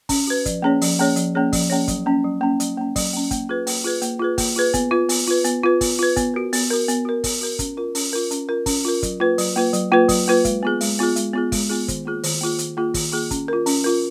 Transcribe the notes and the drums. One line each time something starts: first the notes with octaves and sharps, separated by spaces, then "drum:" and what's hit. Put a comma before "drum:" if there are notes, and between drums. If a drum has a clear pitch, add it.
C#4, drum: kick, open hi-hat
F#4 B4
F3, drum: kick, hi-hat
A#3 C#4 G#4 C#5
F3, drum: open hi-hat
A#3 C#4 G#4 C#5
F3, drum: hi-hat
A#3 C#4 G#4 C#5
F3, drum: kick, open hi-hat
A#3 C#4 G#4 C#5
F#3, drum: kick, hi-hat
A#3 C#4
F#3
A#3 C#4
F#3, drum: hi-hat
A#3 C#4
F#3, drum: kick, open hi-hat
A#3 C#4
A#3, drum: kick, hi-hat
F4 G#4 B4
A#3, drum: open hi-hat
F4 G#4 B4
A#3, drum: hi-hat
F4 G#4 B4
A#3, drum: kick, open hi-hat
F4 G#4 B4
B3, drum: kick, hi-hat
F4 B4
B3, drum: open hi-hat
F4 B4
B3, drum: hi-hat
F4 B4
B3, drum: kick, open hi-hat
F4 B4
B3, drum: kick, hi-hat
F#4 A#4
B3, drum: open hi-hat
F#4 A#4
B3, drum: hi-hat
F#4 A#4
B3, drum: kick, open hi-hat
F#4 A#4
C#4, drum: kick, hi-hat
F4 A#4
C#4, drum: open hi-hat
F4 A#4
C#4, drum: hi-hat
F4 A#4
C#4, drum: kick, open hi-hat
F4 A#4
F#3, drum: kick, hi-hat
A#3 F4 B4
F#3, drum: open hi-hat
A#3 F4 B4
F#3, drum: hi-hat
A#3 F4 B4
F#3, drum: kick, open hi-hat
A#3 F4 B4
G#3, drum: kick, hi-hat
B3 F4 G#4
G#3, drum: open hi-hat
B3 F4 G#4
G#3, drum: hi-hat
B3 F4 G#4
G#3, drum: kick, open hi-hat
B3 F4 G#4
D#3, drum: kick, hi-hat
A#3 F4 G#4
D#3, drum: open hi-hat
A#3 F4 G#4
D#3, drum: hi-hat
A#3 F4 G#4
D#3, drum: kick, open hi-hat
A#3 F4 G#4
C#4, drum: kick, hi-hat
F4 A#4
C#4, drum: open hi-hat
F4 A#4